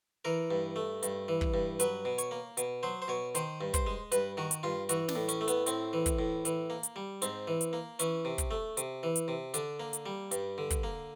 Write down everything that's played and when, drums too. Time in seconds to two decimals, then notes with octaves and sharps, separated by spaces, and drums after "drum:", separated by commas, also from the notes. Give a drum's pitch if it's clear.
0.25 E3 A#4
0.51 G2
0.76 A3
1.03 G2, drum: hi-hat
1.28 E3
1.41 drum: kick
1.54 G2
1.80 F#3 B4, drum: hi-hat
2.05 B2
2.18 C#5, drum: hi-hat
2.31 A#3
2.57 B2, drum: hi-hat
2.83 F#3 C5
3.02 C5
3.08 B2 C#5
3.35 D#3 C5, drum: hi-hat
3.61 G2
3.74 C5, drum: kick, hi-hat
3.87 G#3
4.12 G2 B4, drum: hi-hat
4.37 D#3 F#4
4.51 drum: hi-hat
4.63 G2 F4
4.89 E3 F#4, drum: hi-hat
5.09 D4, drum: snare
5.15 A2
5.29 C#4, drum: hi-hat
5.41 A3
5.48 B3, drum: hi-hat
5.66 A2 C4, drum: hi-hat
5.93 E3
6.06 drum: kick, hi-hat
6.19 A2
6.45 E3, drum: hi-hat
6.70 A#3
6.83 drum: hi-hat
6.96 G3
7.22 G#2 C4, drum: hi-hat
7.47 E3
7.61 drum: hi-hat
7.73 A#3
7.99 E3 C#4, drum: hi-hat
8.25 C3
8.38 drum: kick, hi-hat
8.51 A3
8.77 C3, drum: hi-hat
9.03 E3
9.16 drum: hi-hat
9.28 C3
9.54 D3 D4, drum: hi-hat
9.80 A#3
9.93 drum: hi-hat
10.06 G3
10.31 G2, drum: hi-hat
10.58 D3
10.70 drum: kick, hi-hat
10.84 A#3